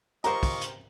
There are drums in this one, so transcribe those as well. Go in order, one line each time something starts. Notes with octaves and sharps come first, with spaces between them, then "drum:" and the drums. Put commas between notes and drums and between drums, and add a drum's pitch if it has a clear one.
F4 G4 A#4 C5 D#5 A#5 C#6, drum: hi-hat
drum: kick, open hi-hat
drum: hi-hat